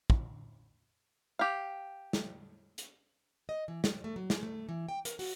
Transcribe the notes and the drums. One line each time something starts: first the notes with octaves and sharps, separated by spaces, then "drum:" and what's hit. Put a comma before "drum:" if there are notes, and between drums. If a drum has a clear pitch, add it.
drum: kick
G4 F5
drum: snare
drum: hi-hat
D#5
E3
G3, drum: snare
A3
F#3
G#3, drum: snare
A3
E3
G5
A#4, drum: hi-hat
F#4, drum: open hi-hat